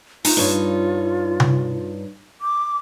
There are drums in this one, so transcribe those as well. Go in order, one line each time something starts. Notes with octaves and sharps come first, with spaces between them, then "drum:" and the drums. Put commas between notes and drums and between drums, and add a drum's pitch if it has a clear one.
D#4 F4 A#5, drum: open hi-hat
G2 D#4 C#5
drum: tom C3
D6